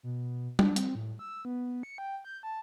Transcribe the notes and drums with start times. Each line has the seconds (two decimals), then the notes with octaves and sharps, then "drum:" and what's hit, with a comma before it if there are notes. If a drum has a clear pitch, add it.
0.03 B2
0.59 D4, drum: tom
0.76 C4, drum: hi-hat
0.95 A2
1.19 E6
1.45 B3
1.83 C#7
1.98 G5
2.25 G6
2.43 A5